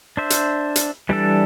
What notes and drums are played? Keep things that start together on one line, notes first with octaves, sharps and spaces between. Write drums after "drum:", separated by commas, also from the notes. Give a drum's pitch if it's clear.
D4 C5 E5
drum: hi-hat
drum: hi-hat
E3 G3 D4 A4